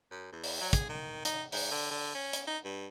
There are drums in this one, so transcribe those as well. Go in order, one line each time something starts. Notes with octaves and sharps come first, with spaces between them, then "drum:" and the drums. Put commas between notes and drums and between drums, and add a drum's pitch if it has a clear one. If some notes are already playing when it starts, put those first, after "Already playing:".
F#2
E2
drum: open hi-hat
F#3
G#4, drum: kick, hi-hat
D#3
D#4, drum: hi-hat
G#2, drum: open hi-hat
D3
D3
C#4
drum: hi-hat
D#4
G2